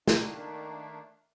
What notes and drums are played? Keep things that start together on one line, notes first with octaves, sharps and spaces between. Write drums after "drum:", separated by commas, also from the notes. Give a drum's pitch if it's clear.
D#3 A3 A#3 D4, drum: snare